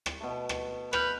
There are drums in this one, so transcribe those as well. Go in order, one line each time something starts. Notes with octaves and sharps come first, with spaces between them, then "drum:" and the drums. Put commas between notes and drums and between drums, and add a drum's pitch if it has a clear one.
drum: rim click
B2 A3
drum: rim click
B4 F6 G6 F7, drum: rim click